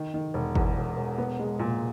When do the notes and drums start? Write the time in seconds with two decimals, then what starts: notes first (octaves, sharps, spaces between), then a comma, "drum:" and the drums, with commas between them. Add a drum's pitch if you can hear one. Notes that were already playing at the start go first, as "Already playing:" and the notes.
Already playing: D#3
0.14 D#3
0.34 E1
0.55 E2, drum: kick G1
0.76 E1
0.97 E1
1.18 B3
1.39 G#3
1.59 A#2